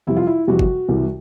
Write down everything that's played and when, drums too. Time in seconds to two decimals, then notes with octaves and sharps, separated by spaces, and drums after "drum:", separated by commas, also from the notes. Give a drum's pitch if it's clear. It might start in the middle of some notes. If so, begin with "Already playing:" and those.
0.07 F2 C3 E3 G3 E4
0.17 F4
0.27 E4
0.47 F2 C3 E3 G3 F#4
0.59 drum: kick G1
0.88 C2 C3 E3 G3